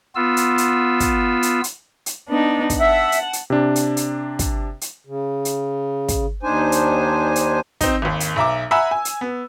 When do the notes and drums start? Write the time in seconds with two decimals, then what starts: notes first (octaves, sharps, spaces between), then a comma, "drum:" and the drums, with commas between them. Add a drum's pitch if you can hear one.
0.16 B3 F4 E6
0.37 drum: hi-hat
0.58 drum: hi-hat
1.00 drum: kick, hi-hat
1.43 drum: hi-hat
1.64 drum: hi-hat
2.06 drum: hi-hat
2.28 B3 D4 D#4
2.70 drum: kick, hi-hat
2.80 E5 F#5 A5
3.12 drum: hi-hat
3.33 drum: hi-hat
3.50 C3 D4
3.76 drum: hi-hat
3.97 drum: hi-hat
4.39 drum: kick, hi-hat
4.81 drum: hi-hat
5.07 C#3
5.45 drum: hi-hat
6.08 drum: kick, hi-hat
6.43 D#2 D4 D#4 C5 G#5
6.72 drum: hi-hat
7.36 drum: hi-hat
7.81 C4 D#4, drum: kick, hi-hat
8.02 G#1 D#2
8.20 drum: hi-hat
8.36 B1 E5 A#5 D6
8.71 E5 F#5 G#5 A#5 B5 E6
8.91 G#5
9.05 drum: hi-hat
9.21 B3